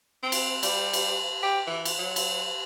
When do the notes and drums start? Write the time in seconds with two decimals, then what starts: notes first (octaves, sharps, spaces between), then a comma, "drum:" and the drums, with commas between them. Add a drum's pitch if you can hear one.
0.23 C4
0.32 drum: cymbal
0.63 G3, drum: cymbal
0.93 drum: cymbal
1.43 G4
1.67 E3
1.85 drum: cymbal
1.99 F#3
2.16 drum: cymbal